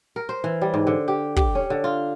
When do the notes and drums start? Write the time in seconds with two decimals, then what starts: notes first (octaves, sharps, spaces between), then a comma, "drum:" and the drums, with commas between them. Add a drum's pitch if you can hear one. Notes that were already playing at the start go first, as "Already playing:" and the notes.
0.16 A#4
0.29 C5
0.44 E3
0.62 G3
0.74 G#2
0.87 D3
1.08 G4
1.36 G4, drum: kick
1.55 C#4
1.70 D3
1.84 F4